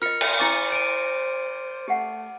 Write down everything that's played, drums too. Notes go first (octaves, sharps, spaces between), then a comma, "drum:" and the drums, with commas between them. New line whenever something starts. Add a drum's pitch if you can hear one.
F4 A#4 D#5 F6 C#7
drum: cymbal
E4 C5 G#5 C#6 D6 A6 C#7
D7 D#7
A3 G4 F#5